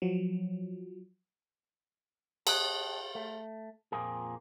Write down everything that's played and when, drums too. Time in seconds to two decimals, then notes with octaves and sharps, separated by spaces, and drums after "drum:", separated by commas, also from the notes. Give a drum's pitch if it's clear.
0.02 F3 F#3
2.47 F#4 C#5 D#5 G5 A5, drum: cymbal
3.15 A3
3.92 F2 A#2 F3 A#3 G#4